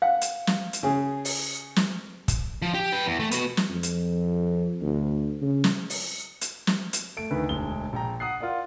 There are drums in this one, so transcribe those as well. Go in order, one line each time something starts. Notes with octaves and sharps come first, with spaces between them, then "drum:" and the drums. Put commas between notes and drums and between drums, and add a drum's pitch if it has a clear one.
F5 F#5
drum: hi-hat
drum: snare
drum: hi-hat
C#3 G#4
drum: open hi-hat
drum: snare
drum: kick, hi-hat
F3
G4
B4 G5
E2
A3
B3 F#4, drum: hi-hat
drum: snare
F2
drum: hi-hat
D2
C#3
drum: snare
drum: open hi-hat
drum: hi-hat
drum: snare
drum: hi-hat
A3 D7
D2 D3 D#3 B4
E1 D2 G#3 G7
A#1 G5 A#5
F#5 D#6 F#6 C7
F4 A#4 D5 F#5